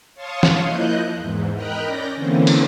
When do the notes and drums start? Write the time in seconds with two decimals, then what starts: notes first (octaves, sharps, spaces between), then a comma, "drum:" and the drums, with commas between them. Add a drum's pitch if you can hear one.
0.15 C#5 F5 A5 C6 C#6 D#6
0.43 drum: snare
0.63 F3 A#3 E4 D#5 F#6 G6
1.15 E2 G#2
1.54 A#4 D#5 G5 A#5 B5 F#6
1.85 C#4 D5 G6 A#6
2.15 D3 E3 A#3 C4 C#4
2.47 drum: cymbal